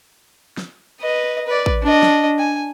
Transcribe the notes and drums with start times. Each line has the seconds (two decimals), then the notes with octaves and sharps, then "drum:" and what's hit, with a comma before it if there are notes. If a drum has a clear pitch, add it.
0.57 drum: snare
1.01 B4 D#5
1.47 B4 D5
1.66 drum: kick A1
1.83 D4 D#5
2.02 drum: snare
2.39 G#5